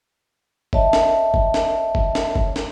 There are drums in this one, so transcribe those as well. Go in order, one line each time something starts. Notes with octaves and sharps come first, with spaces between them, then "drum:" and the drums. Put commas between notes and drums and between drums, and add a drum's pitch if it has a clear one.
C#5 D#5 E5 A5, drum: kick
drum: snare
drum: kick
drum: snare
drum: kick
drum: snare
drum: kick
drum: snare